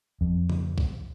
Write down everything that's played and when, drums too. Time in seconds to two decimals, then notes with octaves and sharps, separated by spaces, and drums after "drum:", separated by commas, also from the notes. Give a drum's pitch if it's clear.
0.21 F2
0.50 drum: tom C#3
0.78 drum: kick B1